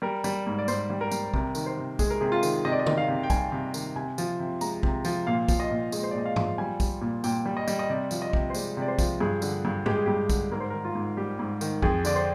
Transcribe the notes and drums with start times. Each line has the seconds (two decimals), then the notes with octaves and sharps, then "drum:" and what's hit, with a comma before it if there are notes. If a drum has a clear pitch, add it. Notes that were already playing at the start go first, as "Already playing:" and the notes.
0.02 G3 A#4
0.24 G3, drum: tambourine
0.47 G#2
0.58 D5
0.68 G#2 C5, drum: tambourine
0.90 G3
1.01 A#4
1.12 G3, drum: tambourine
1.34 C3 A#4, drum: kick
1.55 D#3, drum: tambourine
1.66 C5
1.77 C3
1.99 G#3 G#4, drum: kick, tambourine
2.10 A#4
2.21 C3 G#4
2.32 F4
2.43 D#3, drum: tambourine
2.65 C3 D#5
2.72 D5
2.79 D#5
2.86 D#3, drum: tom
2.98 F5
3.08 C3
3.23 G5
3.30 G3 G#5, drum: kick, tambourine
3.52 C3
3.74 D#3, drum: tambourine
3.96 C3 G#5
4.18 F3, drum: tambourine
4.40 C3
4.61 G#3 A#5, drum: tambourine
4.83 C3, drum: kick
5.05 F3, drum: tambourine
5.27 A#2 F5
5.48 F3, drum: kick, tambourine
5.60 D#5
5.71 A#2
5.92 G#3 D#5, drum: tambourine
6.03 C5
6.11 D5
6.14 A#2 D#5
6.26 F5
6.36 F3, drum: tom G2
6.58 G3 G#5
6.80 G3, drum: kick, tambourine
7.01 A#2
7.24 A#2 G5, drum: tambourine
7.46 G3
7.57 D#5
7.68 G3, drum: tambourine
7.79 D#5
7.90 C3 D5
8.11 F3, drum: tambourine
8.22 D#5
8.33 C3, drum: kick
8.50 C5
8.54 G#3 D5, drum: tambourine
8.77 C3 D5
8.88 C5
8.99 F3, drum: kick, tambourine
9.20 G2 G#4
9.42 D3, drum: tambourine
9.65 G2
9.86 G#3 G4, drum: tom G#2
9.96 G#4
10.06 G2 G4
10.29 D3, drum: kick, tambourine
10.52 G#2 A#4
10.60 C5
10.70 D#3 A#4
10.85 F4
10.95 G#2
11.17 G3 G4
11.39 G#2
11.61 D#3, drum: tambourine
11.82 F2 G#4, drum: kick
12.05 D3 D5, drum: tambourine
12.15 C5